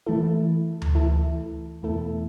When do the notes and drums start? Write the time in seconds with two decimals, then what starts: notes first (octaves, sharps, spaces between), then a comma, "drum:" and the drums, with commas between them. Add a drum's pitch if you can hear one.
0.06 E3 A3 E4 A4
0.82 drum: tom D2
0.95 E3 A3 E4 A4
1.82 E2 B2 A3 E4 A4